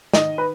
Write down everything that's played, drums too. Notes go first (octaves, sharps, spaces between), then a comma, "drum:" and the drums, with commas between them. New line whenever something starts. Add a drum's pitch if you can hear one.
D#3 D#5, drum: snare
B4